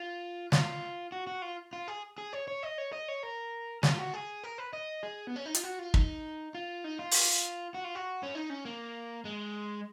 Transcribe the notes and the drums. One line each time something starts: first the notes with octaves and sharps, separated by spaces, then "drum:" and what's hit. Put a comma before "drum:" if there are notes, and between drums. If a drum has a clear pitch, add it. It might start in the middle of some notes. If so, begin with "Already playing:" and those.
Already playing: F4
F4, drum: snare
F#4
F#4
F4
F4
G#4
G#4
C#5
C#5
D#5
C#5
D#5
C#5
A#4
G#4, drum: snare
F4
F#4
G#4
A#4
B4
D#5
G#4
B3
C#4
D#4
F4, drum: hi-hat
F#4
F4
D#4, drum: kick
F4
D#4
F4
drum: open hi-hat
F#4
F4
F#4
C#4
D#4
C#4
A#3
G#3